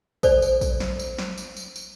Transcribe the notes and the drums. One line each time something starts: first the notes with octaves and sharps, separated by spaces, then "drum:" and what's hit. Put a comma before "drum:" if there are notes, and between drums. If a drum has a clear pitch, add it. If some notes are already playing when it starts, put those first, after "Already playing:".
A4 C5 D5, drum: kick, tambourine
drum: tambourine
drum: kick, tambourine
drum: snare
drum: tambourine
drum: snare
drum: tambourine
drum: tambourine
drum: tambourine